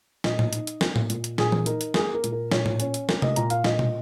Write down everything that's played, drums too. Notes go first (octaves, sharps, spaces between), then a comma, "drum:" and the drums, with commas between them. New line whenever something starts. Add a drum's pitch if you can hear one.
A#2 D#5, drum: snare
drum: tom A2
D#4, drum: hi-hat
drum: hi-hat
A#3, drum: snare
drum: tom A2
A#2, drum: hi-hat
drum: hi-hat
A#2 G#4, drum: snare
drum: tom
D#4 A#4, drum: hi-hat
drum: hi-hat
A#3 G#4, drum: snare
A#4
A#2, drum: hi-hat
A#4
A#2 C#5, drum: snare
drum: tom A2
C#4, drum: hi-hat
drum: hi-hat
A#3, drum: snare
D#5, drum: tom C3
A#2 A#5, drum: hi-hat
F5, drum: hi-hat
A#2 D#5, drum: snare
drum: tom